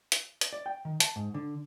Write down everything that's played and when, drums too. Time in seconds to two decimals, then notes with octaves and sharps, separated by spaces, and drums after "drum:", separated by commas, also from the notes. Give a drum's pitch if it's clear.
0.12 drum: hi-hat
0.41 drum: hi-hat
0.53 D5
0.66 G5
0.85 D#3
1.00 A5, drum: hi-hat
1.16 G#2
1.34 D3